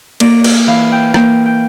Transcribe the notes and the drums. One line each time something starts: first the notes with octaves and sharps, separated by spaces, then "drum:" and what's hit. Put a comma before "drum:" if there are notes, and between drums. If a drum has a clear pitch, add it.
A#3 D5, drum: cymbal
D5, drum: cymbal
E3 F5
G5
A#3 G5, drum: rim click
G5